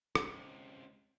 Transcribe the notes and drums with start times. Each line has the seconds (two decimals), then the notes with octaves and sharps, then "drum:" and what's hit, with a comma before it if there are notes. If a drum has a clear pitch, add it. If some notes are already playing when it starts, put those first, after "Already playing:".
0.15 C#2 C3, drum: rim click